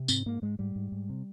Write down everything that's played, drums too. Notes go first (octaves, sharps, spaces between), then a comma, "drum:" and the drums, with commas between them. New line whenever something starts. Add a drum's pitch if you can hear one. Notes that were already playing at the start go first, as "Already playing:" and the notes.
Already playing: C3
G#2 C4, drum: tambourine
G#2 A#3
G#2 G#3
G#2 G3
G#2
G#2
C3